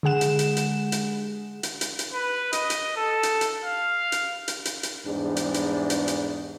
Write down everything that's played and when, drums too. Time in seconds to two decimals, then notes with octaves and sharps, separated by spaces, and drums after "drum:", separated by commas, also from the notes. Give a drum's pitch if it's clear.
0.03 D3 G#3 G#4 F#5 E7
0.21 drum: hi-hat
0.39 drum: hi-hat
0.57 drum: hi-hat
0.92 drum: hi-hat
1.63 drum: hi-hat
1.81 drum: hi-hat
1.99 drum: hi-hat
2.13 B4
2.53 D#5, drum: hi-hat
2.70 drum: hi-hat
2.97 A4
3.23 drum: hi-hat
3.41 drum: hi-hat
3.65 F5
4.12 drum: hi-hat
4.48 drum: hi-hat
4.65 drum: hi-hat
4.83 drum: hi-hat
5.06 E2 G#2 G3 D4
5.37 drum: hi-hat
5.54 drum: hi-hat
5.90 drum: hi-hat
6.08 drum: hi-hat